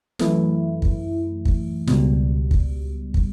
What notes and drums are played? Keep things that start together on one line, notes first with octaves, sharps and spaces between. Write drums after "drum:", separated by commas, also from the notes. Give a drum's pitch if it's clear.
F#2 E3 A3 E4, drum: snare
drum: kick
drum: kick
C#2 B2 G3, drum: snare
drum: kick
drum: kick